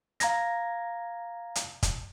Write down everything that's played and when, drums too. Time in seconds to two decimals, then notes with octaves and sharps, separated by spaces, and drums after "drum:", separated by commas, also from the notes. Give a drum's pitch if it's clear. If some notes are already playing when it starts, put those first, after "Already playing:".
0.20 F5 A#5 G#6 A#6, drum: hi-hat
1.55 drum: hi-hat
1.83 drum: kick, hi-hat